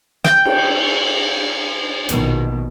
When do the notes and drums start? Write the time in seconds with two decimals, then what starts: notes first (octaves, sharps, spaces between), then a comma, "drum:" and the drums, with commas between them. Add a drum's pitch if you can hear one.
0.25 G5, drum: snare
0.45 drum: cymbal
2.09 A#1 B2 D#3, drum: hi-hat